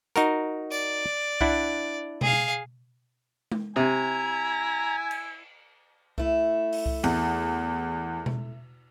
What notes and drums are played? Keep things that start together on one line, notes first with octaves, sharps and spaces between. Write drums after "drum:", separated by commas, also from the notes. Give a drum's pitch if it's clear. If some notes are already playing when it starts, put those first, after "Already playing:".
D#4 F#4 A#4, drum: hi-hat
D5, drum: tambourine
D4 E4 F#5, drum: kick C2
G#4 F5, drum: tom B2
drum: tom G#3
C3 E4 G#5 A#5
drum: cymbal
A3 E4, drum: kick C2
drum: open hi-hat
drum: kick C2
E2, drum: cymbal
drum: tom B2